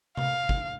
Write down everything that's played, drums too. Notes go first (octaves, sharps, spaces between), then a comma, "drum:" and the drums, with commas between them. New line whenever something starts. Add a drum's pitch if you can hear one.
F5, drum: tom C3
drum: kick